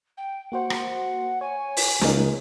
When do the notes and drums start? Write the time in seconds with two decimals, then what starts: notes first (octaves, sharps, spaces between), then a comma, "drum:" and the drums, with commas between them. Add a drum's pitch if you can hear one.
0.17 G5
0.52 A#3 F#4 C5 F#5
0.70 drum: rim click
1.41 C#5 G#5
1.77 drum: open hi-hat
2.01 C#2 A#3 D#4, drum: snare